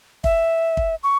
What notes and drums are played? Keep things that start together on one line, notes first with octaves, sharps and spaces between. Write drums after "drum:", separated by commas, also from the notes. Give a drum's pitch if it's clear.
E5, drum: kick
drum: kick
C#6